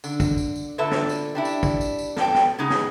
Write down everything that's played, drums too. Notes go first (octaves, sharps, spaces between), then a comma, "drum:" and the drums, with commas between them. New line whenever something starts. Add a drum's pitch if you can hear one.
D3, drum: tambourine
drum: kick, tambourine
drum: tambourine
drum: tambourine
A#2 D3 A4 B4 E5
drum: snare
drum: tambourine
G3 D4 E4
drum: tambourine
drum: kick, tambourine
drum: tambourine
drum: tambourine
A4 G5, drum: snare
drum: snare
C#3 G#3 B3 D#4 G#4
drum: snare